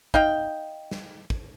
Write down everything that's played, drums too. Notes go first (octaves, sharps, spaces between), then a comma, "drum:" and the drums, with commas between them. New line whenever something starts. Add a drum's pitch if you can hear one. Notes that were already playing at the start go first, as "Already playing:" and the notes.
D#4 F5 G5, drum: kick
drum: snare
drum: kick